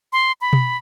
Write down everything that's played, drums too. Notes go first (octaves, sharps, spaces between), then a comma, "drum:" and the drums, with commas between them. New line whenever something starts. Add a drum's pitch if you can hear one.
C6
B5
drum: tom B2